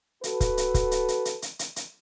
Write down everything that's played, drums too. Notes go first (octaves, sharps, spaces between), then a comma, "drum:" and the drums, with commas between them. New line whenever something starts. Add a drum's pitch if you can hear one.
F#4 A4 B4, drum: hi-hat
drum: kick, hi-hat
drum: hi-hat
drum: kick, hi-hat
drum: hi-hat
drum: hi-hat
drum: hi-hat
drum: hi-hat
drum: hi-hat
drum: hi-hat